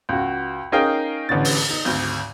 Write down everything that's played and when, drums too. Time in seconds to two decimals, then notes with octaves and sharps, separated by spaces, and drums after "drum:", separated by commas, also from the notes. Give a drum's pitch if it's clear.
0.09 C#2 F#4
0.72 C#4 D#4 G#4 A#4 F5 G5
1.29 A1 D3 E3 C#4 A6
1.45 drum: open hi-hat
1.70 D#4
1.85 G#1 D2